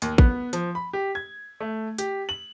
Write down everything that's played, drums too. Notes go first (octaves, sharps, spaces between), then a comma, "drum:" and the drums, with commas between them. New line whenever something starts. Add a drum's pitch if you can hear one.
D#2, drum: hi-hat
B3, drum: kick
F3, drum: hi-hat
B5
G4
G#6
A3
G4, drum: hi-hat
F#7